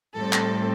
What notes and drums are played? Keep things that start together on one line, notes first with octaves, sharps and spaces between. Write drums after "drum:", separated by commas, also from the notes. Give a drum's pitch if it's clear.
A2 G3 C4 A4
drum: clap